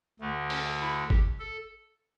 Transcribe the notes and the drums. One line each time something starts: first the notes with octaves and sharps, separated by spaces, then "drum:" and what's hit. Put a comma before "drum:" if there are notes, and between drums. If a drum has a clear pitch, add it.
D2 D3 A3
C#4, drum: open hi-hat
E4
G4, drum: kick G1
A4